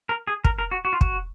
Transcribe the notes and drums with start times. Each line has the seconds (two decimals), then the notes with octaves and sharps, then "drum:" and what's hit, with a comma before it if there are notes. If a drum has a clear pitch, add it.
0.09 A#4
0.27 G#4
0.44 A#4, drum: kick
0.59 A#4
0.71 F#4
0.85 F#4
0.93 F4
1.01 F#4, drum: kick